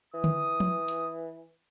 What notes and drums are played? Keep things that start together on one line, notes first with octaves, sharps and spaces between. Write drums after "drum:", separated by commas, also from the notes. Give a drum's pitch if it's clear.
E3 D#6
drum: tom D3
drum: tom
drum: hi-hat